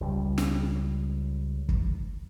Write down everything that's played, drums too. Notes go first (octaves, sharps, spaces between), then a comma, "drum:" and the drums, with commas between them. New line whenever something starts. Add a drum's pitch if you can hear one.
C#2 G3
drum: snare
drum: kick